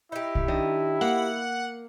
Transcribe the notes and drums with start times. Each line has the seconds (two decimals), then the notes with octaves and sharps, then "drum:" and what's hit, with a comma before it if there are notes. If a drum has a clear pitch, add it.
0.12 D#4 E4 G4
0.35 drum: kick
0.48 D#3 D4 D#5
1.01 A#3 F#5